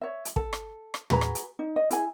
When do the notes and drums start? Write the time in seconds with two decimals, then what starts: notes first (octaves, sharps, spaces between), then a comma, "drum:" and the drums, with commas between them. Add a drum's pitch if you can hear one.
0.01 C#5 E5
0.25 drum: hi-hat
0.36 A4, drum: kick
0.53 drum: rim click
0.94 drum: rim click
1.10 F#4 G#4 B4 A#5, drum: tom
1.21 drum: rim click
1.35 drum: hi-hat
1.59 D#4
1.76 D#5
1.91 E4 G#4 G#5, drum: hi-hat